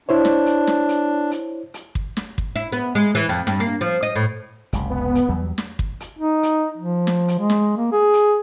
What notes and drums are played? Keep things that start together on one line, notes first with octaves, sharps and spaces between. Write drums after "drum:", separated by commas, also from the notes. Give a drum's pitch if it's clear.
D4 E4 C5 C#5
drum: snare
drum: hi-hat
drum: snare
drum: hi-hat
drum: hi-hat
drum: hi-hat
drum: kick
drum: snare
drum: kick
E4
B3
G#3
E3
F2
G2, drum: snare
A#3
F3
D#5
A2
F#1 C#2 C3, drum: hi-hat
B3
drum: hi-hat
E2 F#3 G3
drum: snare
drum: kick
drum: hi-hat
D#4
drum: hi-hat
F3
drum: snare
drum: hi-hat
G#3
drum: snare
A#3
G#4
drum: hi-hat